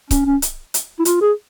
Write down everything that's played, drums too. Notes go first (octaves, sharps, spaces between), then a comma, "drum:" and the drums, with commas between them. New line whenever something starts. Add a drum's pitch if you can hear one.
C#4, drum: kick C#1, hi-hat
C#4
drum: hi-hat
drum: hi-hat
E4
F4, drum: hi-hat
G#4